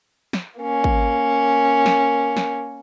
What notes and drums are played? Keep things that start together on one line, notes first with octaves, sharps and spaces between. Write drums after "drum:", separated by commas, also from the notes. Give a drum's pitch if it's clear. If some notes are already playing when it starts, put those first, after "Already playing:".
drum: snare
A#3 C#4
drum: kick G#1
drum: snare
drum: snare